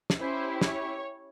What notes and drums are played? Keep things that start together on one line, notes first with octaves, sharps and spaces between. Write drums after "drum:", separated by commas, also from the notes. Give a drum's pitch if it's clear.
drum: snare
C#4 E4 G4 C5
C#5, drum: snare